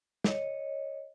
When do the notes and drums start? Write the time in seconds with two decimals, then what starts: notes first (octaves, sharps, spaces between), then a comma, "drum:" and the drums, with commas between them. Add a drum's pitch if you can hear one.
0.24 C#5 D#5, drum: snare